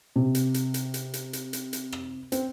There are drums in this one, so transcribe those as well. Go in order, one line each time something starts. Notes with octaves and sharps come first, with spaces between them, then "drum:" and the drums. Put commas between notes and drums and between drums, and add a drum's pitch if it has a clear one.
C3
drum: hi-hat
drum: hi-hat
drum: hi-hat
drum: hi-hat
drum: hi-hat
drum: hi-hat
drum: hi-hat
drum: hi-hat
drum: rim click
C4, drum: hi-hat